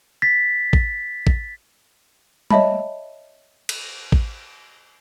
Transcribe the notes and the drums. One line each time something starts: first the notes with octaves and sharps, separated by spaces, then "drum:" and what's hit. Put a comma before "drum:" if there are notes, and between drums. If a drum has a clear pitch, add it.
A6 B6
drum: kick
drum: kick
C#5 D#5 E5 A5 B5, drum: tom
drum: cymbal
drum: kick